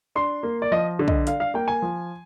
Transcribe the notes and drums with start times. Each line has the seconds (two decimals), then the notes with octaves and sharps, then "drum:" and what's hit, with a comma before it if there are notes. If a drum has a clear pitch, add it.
0.15 D4 C6
0.43 A#3
0.62 D5
0.72 F3 D#5
0.99 D3
1.08 D#5, drum: kick
1.27 D4 F5, drum: hi-hat
1.40 F5
1.54 A#3 G5
1.68 G#5
1.82 F3